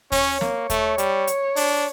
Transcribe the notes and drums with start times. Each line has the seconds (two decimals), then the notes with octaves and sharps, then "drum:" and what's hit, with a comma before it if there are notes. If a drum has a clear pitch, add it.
0.12 C#4 C#5, drum: kick D#2, open hi-hat
0.41 A#3, drum: snare
0.55 C#5
0.70 A3, drum: kick D#2, hi-hat
0.98 G3, drum: hi-hat
1.27 drum: hi-hat
1.56 D4, drum: open hi-hat